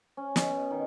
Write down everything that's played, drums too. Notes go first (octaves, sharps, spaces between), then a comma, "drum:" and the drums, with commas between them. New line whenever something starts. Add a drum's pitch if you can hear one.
C#4
B2, drum: snare
D#3